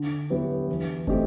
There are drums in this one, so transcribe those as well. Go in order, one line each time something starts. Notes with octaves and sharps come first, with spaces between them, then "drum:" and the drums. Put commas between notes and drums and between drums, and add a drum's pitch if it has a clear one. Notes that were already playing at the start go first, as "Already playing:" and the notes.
Already playing: D3
F#3 B3 E4 G4
E3
A3 C4 D#4 G4, drum: kick